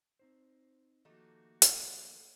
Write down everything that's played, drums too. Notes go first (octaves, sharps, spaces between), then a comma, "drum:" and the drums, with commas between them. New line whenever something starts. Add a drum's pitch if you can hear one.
C4 D#4 C5
D#3 F3 A3 A#3 D#4 F#4 G4
drum: hi-hat